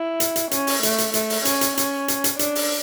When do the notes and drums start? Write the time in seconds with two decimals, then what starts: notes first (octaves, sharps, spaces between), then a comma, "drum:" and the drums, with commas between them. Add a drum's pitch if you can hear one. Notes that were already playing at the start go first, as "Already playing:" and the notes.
Already playing: E4
0.20 drum: hi-hat
0.36 drum: hi-hat
0.51 C#4, drum: hi-hat
0.67 drum: open hi-hat
0.83 A3, drum: hi-hat
0.98 drum: hi-hat
1.14 A3, drum: hi-hat
1.30 drum: open hi-hat
1.45 C#4, drum: hi-hat
1.61 drum: hi-hat
1.77 C#4, drum: hi-hat
2.08 drum: hi-hat
2.24 drum: hi-hat
2.39 D4, drum: hi-hat
2.55 drum: open hi-hat